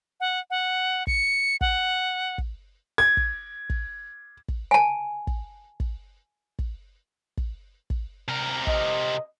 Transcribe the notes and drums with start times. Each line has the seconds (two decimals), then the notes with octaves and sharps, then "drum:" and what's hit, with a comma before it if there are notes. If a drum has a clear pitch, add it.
0.20 F#5
0.50 F#5
1.07 C#7, drum: kick
1.61 F#5, drum: kick
2.38 drum: kick
2.98 G#6
3.17 drum: kick
3.70 drum: kick
4.48 drum: kick
4.71 G#5 A5
5.27 drum: kick
5.80 drum: kick
6.59 drum: kick
7.37 drum: kick
7.90 drum: kick
8.28 C3 A#4
8.67 D#5, drum: kick